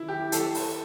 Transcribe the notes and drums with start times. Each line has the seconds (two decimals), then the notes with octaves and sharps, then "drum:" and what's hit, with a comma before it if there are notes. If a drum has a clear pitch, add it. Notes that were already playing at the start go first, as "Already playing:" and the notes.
Already playing: E4
0.08 G4
0.32 A4, drum: hi-hat
0.55 drum: open hi-hat